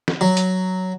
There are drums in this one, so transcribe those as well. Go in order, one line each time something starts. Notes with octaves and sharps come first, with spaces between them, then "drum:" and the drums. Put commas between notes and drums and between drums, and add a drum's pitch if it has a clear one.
drum: snare
F#3
drum: hi-hat